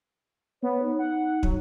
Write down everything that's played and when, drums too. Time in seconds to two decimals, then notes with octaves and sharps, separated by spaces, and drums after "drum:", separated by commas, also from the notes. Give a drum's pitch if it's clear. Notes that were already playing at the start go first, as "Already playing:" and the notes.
0.63 B3 C#5
0.82 D#4
0.99 F#5
1.43 F#3, drum: kick